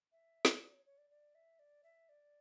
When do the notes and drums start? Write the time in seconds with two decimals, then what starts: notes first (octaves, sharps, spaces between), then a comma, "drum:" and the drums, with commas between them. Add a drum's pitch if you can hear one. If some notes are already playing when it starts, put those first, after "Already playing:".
0.12 E5
0.45 drum: snare
0.61 D5
0.73 C#5
0.86 C#5
0.98 D5
1.10 D5
1.35 E5
1.59 D5
1.84 E5
2.09 D5